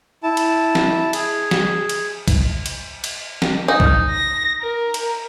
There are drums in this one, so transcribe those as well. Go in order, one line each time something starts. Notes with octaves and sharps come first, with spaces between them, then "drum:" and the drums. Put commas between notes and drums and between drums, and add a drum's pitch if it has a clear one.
E4 A5
drum: cymbal
drum: snare
G#4, drum: cymbal
drum: snare
drum: cymbal
drum: kick B1, cymbal
drum: cymbal
drum: cymbal
drum: snare
D#4
drum: kick B1
A#6
A#4
drum: cymbal